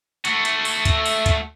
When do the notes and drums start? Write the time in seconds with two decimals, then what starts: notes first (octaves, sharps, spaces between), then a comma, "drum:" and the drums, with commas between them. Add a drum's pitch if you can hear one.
0.25 A3 F#4, drum: hi-hat
0.45 drum: hi-hat
0.65 drum: open hi-hat
0.85 drum: kick, hi-hat
1.06 drum: open hi-hat
1.26 drum: kick, hi-hat